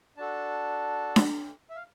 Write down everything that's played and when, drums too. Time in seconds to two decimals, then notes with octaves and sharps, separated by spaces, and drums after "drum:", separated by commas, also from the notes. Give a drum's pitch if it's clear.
0.17 D4 F#4 A4 A5
1.16 drum: snare D4
1.70 E5
1.76 F5